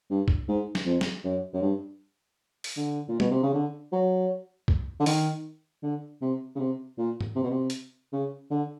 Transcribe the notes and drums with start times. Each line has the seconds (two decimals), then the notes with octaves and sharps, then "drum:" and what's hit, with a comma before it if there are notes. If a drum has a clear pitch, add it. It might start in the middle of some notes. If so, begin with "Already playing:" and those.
0.10 G2
0.28 drum: kick C2
0.48 G#2
0.75 drum: snare
0.85 F2
1.01 drum: snare
1.24 F#2
1.54 F#2
1.62 G2
2.64 drum: open hi-hat
2.77 D3
3.09 A#2
3.20 B2, drum: tom G3
3.31 C3
3.43 C#3
3.54 D3
3.92 F#3
4.68 drum: kick C2
5.00 D3
5.06 D#3, drum: open hi-hat
5.83 D3
6.21 C3
6.55 C#3
6.59 C3
6.98 A#2
7.20 drum: tom G#2
7.35 C3
7.43 B2
7.50 C3
7.70 drum: hi-hat
8.12 C#3
8.51 D3